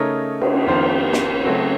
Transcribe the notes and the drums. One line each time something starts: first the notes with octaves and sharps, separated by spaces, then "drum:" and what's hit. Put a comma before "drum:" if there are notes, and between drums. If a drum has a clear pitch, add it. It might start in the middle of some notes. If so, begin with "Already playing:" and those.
Already playing: C#3 A3 D#4 A#4 C#5
drum: cymbal
F2 D#3 A#3 F4 C5
drum: snare
C#3 F#3 A3 C4 F#4